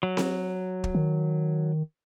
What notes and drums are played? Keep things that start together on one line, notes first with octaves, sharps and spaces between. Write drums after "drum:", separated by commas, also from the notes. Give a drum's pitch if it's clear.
F#3
drum: snare C4
drum: kick
D#3